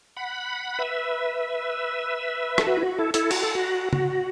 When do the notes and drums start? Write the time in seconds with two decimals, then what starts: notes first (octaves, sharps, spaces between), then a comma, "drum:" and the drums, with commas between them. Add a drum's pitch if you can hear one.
0.17 F#5 B5
0.79 B4 E5
2.58 A4, drum: rim click
2.67 F#4 B4
2.77 E4
2.82 F#4
2.99 E4 A4
3.14 E4 A4, drum: hi-hat
3.31 F#4, drum: cymbal
3.42 A4
3.55 F#4
3.93 F#4, drum: tom C#3